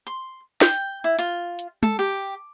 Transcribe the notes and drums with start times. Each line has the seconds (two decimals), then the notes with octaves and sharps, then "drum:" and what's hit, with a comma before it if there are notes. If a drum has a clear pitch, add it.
0.07 C6
0.61 G5, drum: snare
1.04 E4
1.19 F4
1.59 drum: hi-hat
1.83 A4, drum: tom G#3
1.99 G4